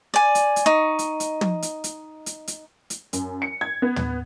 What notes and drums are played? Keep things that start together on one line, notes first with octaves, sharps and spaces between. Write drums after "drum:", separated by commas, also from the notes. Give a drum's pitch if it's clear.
D5 G#5
drum: hi-hat
drum: hi-hat
D#4 C#6
drum: hi-hat
drum: hi-hat
drum: tom
drum: hi-hat
drum: hi-hat
drum: hi-hat
drum: hi-hat
drum: hi-hat
F#2, drum: hi-hat
C#7
G#6
B3
drum: tom